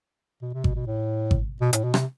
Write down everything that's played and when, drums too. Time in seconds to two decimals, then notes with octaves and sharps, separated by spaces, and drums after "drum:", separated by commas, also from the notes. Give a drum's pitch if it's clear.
0.42 B2
0.54 C3
0.64 B2, drum: kick G#1
0.75 B2
0.86 A2
1.31 drum: kick G#1
1.61 B2
1.73 A2, drum: hi-hat
1.84 B2
1.94 C3, drum: rim click